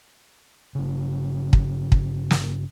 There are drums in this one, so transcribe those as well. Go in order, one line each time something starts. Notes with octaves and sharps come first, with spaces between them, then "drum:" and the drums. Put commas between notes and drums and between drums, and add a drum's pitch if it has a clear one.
G1 C#3
drum: kick
drum: kick
drum: snare